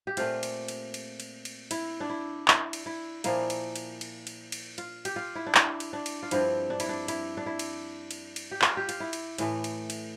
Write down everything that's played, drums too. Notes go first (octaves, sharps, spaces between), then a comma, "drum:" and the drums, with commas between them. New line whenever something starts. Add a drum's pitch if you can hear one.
G4
A#2 A3 C4 F4, drum: cymbal
drum: cymbal
drum: cymbal
drum: cymbal
drum: cymbal
drum: cymbal
E4, drum: cymbal
D4
E4
E4, drum: clap
drum: cymbal
E4
A#2 F3 A#3 E4, drum: cymbal
drum: cymbal
drum: cymbal
drum: cymbal
drum: cymbal
drum: cymbal
F4, drum: cymbal
G4, drum: cymbal
F4
E4
D4
E4, drum: clap
drum: cymbal
D4
drum: cymbal
F4
G2 F3 C4 E4, drum: cymbal
D4
E4, drum: cymbal
D4
E4, drum: cymbal
D4
E4
drum: cymbal
drum: cymbal
drum: cymbal
G4
F4, drum: clap
G4
F4, drum: cymbal
E4
drum: cymbal
A2 E3 A3, drum: cymbal
drum: cymbal
drum: cymbal